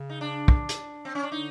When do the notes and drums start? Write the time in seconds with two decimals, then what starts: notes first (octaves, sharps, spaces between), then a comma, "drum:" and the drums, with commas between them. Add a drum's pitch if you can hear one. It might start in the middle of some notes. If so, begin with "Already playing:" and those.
Already playing: C#3
0.10 D#4
0.21 D4
0.48 drum: kick
0.69 drum: hi-hat
1.05 C4
1.15 C#4
1.23 D4
1.32 D3 D#4